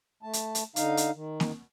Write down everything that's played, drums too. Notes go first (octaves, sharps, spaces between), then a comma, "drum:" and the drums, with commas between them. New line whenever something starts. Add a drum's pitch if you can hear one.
A3 A5
drum: hi-hat
drum: hi-hat
D3 D#4 F5, drum: hi-hat
drum: hi-hat
D#3
drum: snare A#3